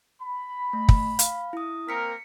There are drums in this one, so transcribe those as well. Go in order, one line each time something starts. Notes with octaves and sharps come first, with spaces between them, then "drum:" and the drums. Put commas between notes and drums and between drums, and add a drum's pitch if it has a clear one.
B5
A3
drum: kick
F5, drum: hi-hat
E4 D#6
A#3 C4 A#4 B6 C#7